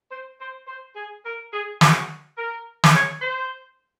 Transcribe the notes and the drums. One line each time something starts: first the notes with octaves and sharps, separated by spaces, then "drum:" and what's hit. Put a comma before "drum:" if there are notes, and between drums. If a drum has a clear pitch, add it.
C5
C5
C5
G#4
A#4
G#4
F#4, drum: snare
A#4
drum: snare
C#5
C5